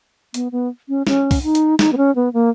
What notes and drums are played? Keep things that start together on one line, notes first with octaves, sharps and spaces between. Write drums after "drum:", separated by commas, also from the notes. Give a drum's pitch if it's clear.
B3, drum: hi-hat
B3
C#4
C#4, drum: snare
drum: kick, open hi-hat
D#4
drum: hi-hat
D#4, drum: snare
B3
C#4
B3
A#3